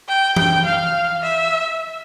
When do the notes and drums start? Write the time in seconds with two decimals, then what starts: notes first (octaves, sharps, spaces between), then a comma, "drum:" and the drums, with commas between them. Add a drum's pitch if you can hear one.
0.08 G5
0.36 G5, drum: tom E3
0.65 F5
1.22 E5